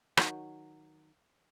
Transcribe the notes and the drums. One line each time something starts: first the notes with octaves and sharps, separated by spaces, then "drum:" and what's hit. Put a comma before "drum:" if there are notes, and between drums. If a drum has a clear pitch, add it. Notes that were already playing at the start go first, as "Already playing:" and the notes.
D#3 F#3, drum: rim click